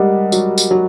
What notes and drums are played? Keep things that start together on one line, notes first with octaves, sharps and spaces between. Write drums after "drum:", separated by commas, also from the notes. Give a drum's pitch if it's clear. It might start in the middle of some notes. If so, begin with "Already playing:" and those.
Already playing: G3 G#3 G4 A#4 D#5 F#5
F#3, drum: tambourine
drum: tambourine
F#3